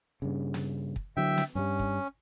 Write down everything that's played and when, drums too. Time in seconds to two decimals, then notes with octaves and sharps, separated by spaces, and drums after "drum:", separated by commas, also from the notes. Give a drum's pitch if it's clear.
0.22 G2 C#3
0.54 drum: snare
0.96 drum: kick
1.17 D3 F#3 E5 G5
1.38 drum: snare
1.55 G2 G3 C#4
1.79 drum: kick